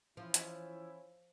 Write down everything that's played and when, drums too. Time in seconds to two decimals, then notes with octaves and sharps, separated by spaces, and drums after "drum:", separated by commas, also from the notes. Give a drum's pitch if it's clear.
0.17 E3 F3 C#4 E4
0.34 drum: hi-hat